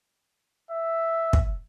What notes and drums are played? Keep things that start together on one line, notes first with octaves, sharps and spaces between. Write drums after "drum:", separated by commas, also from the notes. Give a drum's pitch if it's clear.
E5
drum: kick